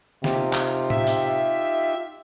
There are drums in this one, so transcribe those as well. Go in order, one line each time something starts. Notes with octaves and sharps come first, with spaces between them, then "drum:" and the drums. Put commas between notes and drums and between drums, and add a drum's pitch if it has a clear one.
C3 D#4 F4 G4, drum: snare
drum: clap
E5, drum: tom A2
drum: tambourine